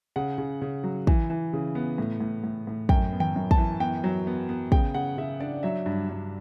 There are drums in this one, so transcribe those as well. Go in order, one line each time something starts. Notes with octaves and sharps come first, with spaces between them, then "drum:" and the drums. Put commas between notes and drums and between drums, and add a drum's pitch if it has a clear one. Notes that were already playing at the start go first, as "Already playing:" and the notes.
C#3 F#5
C#3
C#3
F#3
E3, drum: kick
E3
C#3
B3
A2
A2
A2
A2
F#2 G5, drum: kick
B3
G5, drum: tom D#3
F#2
A5, drum: kick
E3
B3 G5
F#3
B3
B3
C#3 G5, drum: kick
C#3 F#5
C#3 E5
D4 D5
F#3 E5
G2
G2